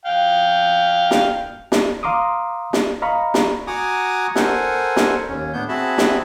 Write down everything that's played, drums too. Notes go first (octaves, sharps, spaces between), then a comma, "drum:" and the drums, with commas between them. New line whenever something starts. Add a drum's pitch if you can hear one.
F5 G5
drum: snare
drum: snare
F5 A#5 C6 D6 D#6
drum: snare
D#5 F5 A#5 B5 C#6
drum: snare
F#4 F#5 G#5 A#5 D6 D#6
A4 A#4 C5 F#5 G#5, drum: snare
drum: snare
D#2 C#4
A2 B3 D4 G6
C4 F#4 G#4 E5 A5 B5
drum: snare